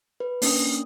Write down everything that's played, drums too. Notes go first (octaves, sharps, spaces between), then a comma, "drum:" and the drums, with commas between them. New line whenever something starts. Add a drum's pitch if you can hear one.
B4
A#3 C#4 D4 D#6, drum: open hi-hat